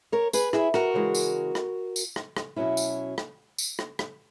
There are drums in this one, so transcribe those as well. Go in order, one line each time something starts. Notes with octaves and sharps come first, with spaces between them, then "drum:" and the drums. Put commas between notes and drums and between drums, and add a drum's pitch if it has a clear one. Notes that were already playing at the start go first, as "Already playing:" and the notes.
A#4 C#5
G#4 B4, drum: tambourine
E4 G#4, drum: rim click
F#4 A#4, drum: rim click
C#3 E3 G#3
drum: tambourine
drum: rim click
drum: tambourine
drum: rim click
drum: rim click
B2 F#3 C#4 E4
drum: tambourine
drum: rim click
drum: tambourine
drum: rim click
drum: rim click